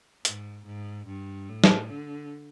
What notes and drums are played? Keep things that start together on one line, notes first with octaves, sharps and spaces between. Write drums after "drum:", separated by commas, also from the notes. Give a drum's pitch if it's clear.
G#2, drum: hi-hat
G#2
G2
A2
drum: snare
D3